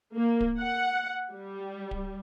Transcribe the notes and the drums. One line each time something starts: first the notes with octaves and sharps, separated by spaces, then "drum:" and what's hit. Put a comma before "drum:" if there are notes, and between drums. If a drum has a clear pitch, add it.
A#3
drum: kick D1
F#5
G3
drum: kick D1